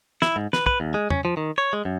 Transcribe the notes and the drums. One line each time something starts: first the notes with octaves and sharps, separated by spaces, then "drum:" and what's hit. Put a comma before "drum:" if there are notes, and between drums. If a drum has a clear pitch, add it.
E4, drum: snare
G#2
B4, drum: snare
B4, drum: kick
D#2
G#3
C#4, drum: tom E2
F3
D#3
C#5
G#3
F#2